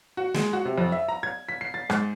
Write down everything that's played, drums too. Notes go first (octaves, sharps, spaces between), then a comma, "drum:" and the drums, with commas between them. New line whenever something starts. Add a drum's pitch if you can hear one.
F#4
G#3, drum: snare
F#4
C3
F2
E5
A#5
G#6
B6
C7
A6
G#2, drum: rim click